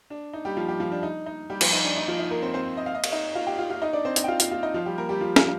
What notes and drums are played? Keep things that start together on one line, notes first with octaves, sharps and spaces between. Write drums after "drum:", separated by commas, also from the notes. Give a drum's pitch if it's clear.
D4
D#4
G3 G4
F3 F4
G3 G4
F3 F4
D4
D#4
D#4
G3 G4
F3 F4, drum: cymbal
D#4
D4
D#4
F3 F4
D#4
A#3 A#4
C4 C5
C4 C5
D#5
F5
D#5
F5, drum: cymbal
D#4 D#5
F4 F5
G4 G5
F4 F5
F4 F5
D#4 D#5
D4 D5
C4 C5
D#4 D#5, drum: hi-hat
G5
F4 F5
F4 F5, drum: hi-hat
F4 F5
D#4 D#5
F3 F4
G3 G4
A#3 A#4
G3 G4
F3 F4
F3 F4, drum: snare